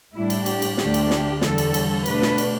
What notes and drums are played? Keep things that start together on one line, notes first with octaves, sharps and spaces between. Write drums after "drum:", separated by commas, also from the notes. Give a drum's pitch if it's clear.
A2 G3 D4 E4
drum: cymbal
G4, drum: cymbal
drum: cymbal
D2 D3 A3 D4 G4, drum: snare
drum: cymbal
G4, drum: snare
E2 D3 G3 A4, drum: snare
drum: cymbal
drum: cymbal
B2 A3 D4 B4, drum: cymbal
drum: snare
drum: cymbal